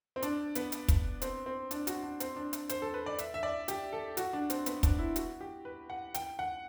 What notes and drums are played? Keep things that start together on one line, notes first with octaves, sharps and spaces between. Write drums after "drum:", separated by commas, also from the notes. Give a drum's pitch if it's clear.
C4
D4, drum: hi-hat
B3, drum: hi-hat
drum: hi-hat
drum: kick, hi-hat
C4, drum: hi-hat
C4
D4, drum: hi-hat
F#4, drum: hi-hat
D4
C4, drum: hi-hat
D4
drum: hi-hat
C5, drum: hi-hat
A4
B4
D5
E5, drum: hi-hat
E5
D5
G4, drum: hi-hat
A4
F#4, drum: hi-hat
D4
C4, drum: hi-hat
B3, drum: hi-hat
D4, drum: kick, hi-hat
E4
F#4, drum: hi-hat
G4
B4
F#5
G5, drum: hi-hat
F#5